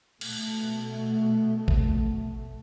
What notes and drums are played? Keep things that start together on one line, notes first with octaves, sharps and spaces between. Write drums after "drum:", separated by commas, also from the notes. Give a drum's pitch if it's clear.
B2 A3, drum: cymbal
drum: kick